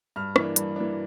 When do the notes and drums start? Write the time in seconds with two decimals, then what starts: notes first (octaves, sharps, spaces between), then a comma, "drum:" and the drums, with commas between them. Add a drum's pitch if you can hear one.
0.16 G2 F6
0.36 E3 A#3 D4, drum: rim click
0.56 G2, drum: hi-hat
0.76 E3 A#3 D4